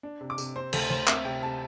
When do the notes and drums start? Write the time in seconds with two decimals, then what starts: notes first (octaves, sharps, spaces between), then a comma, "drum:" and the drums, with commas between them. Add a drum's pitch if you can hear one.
0.03 D4
0.21 C3
0.30 D6
0.38 C3, drum: tambourine
0.56 C4 C5
0.73 D2 A4, drum: cymbal
0.90 D2 C5
1.07 C4 E5, drum: clap
1.25 C3 G5
1.42 C3 A5